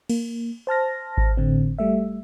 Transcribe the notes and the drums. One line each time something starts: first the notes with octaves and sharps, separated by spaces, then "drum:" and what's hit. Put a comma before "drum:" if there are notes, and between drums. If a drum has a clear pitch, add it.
A#3, drum: cymbal
C5 A5 F6 A#6
drum: kick G#1
A2 D3 C4
G3 A3 E5